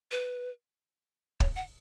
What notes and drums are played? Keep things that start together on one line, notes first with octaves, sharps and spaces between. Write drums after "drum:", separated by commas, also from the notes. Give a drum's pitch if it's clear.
B4
C#5, drum: kick
F#5